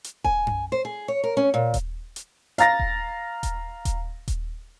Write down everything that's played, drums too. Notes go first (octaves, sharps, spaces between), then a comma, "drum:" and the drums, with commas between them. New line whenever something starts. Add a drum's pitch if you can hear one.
drum: hi-hat
G#5, drum: kick D#1
drum: tom F#2
C5
G#4
C#5
A#4
C#4
A#2
drum: kick D#1, hi-hat
drum: hi-hat
F5 A#5 A6 A#6, drum: hi-hat
drum: kick D#1
drum: kick D#1, hi-hat
drum: kick D#1, hi-hat
drum: kick D#1, hi-hat